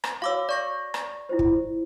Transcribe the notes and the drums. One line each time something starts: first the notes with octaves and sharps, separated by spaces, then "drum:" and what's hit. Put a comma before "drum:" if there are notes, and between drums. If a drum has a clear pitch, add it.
drum: rim click
F#4 C#5 F5 D6 E6
D5 C#6 A#6
drum: rim click
E4 F4 C5
drum: kick